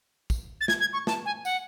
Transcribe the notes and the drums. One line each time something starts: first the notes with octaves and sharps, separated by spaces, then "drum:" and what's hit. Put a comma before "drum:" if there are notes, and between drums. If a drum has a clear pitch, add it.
drum: kick, tambourine
A6
G#6, drum: snare
G#6
C#6
A5, drum: snare
G#5
F#5, drum: tambourine